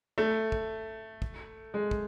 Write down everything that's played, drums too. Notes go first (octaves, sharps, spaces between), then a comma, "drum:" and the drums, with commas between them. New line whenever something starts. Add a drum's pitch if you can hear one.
A3
drum: kick
drum: kick
G#3
drum: kick